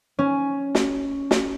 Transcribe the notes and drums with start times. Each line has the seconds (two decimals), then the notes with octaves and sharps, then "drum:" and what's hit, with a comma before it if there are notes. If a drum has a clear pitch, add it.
0.19 C#4
0.75 drum: snare
1.31 drum: snare